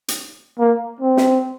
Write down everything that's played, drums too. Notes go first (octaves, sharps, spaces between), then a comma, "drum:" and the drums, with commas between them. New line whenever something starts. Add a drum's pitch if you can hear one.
drum: hi-hat
A#3
C4
drum: snare